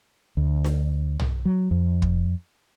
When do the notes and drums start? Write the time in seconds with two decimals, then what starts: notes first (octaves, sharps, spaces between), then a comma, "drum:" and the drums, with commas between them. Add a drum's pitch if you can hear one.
0.37 D2
0.64 drum: snare D4
1.20 drum: tom
1.45 F#3
1.71 F2
2.02 drum: kick